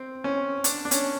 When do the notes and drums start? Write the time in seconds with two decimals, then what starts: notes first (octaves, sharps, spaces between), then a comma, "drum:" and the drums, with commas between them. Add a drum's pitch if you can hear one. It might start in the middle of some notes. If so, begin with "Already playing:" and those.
Already playing: C4
0.24 C#4
0.64 D4, drum: hi-hat
0.85 D4
0.91 C#4, drum: hi-hat